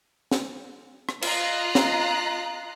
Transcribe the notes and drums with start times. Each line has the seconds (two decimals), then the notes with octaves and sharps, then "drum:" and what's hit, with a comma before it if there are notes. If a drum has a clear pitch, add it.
0.32 drum: snare
1.09 drum: rim click
1.22 F4 D#5 A#5 F#6 C7, drum: cymbal
1.75 drum: snare